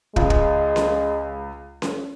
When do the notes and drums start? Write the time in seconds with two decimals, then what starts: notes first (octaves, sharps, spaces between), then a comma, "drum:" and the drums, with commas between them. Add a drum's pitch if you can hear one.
0.16 C#2 G#3, drum: kick
0.30 drum: kick
0.76 drum: snare C#4
1.82 drum: snare C#4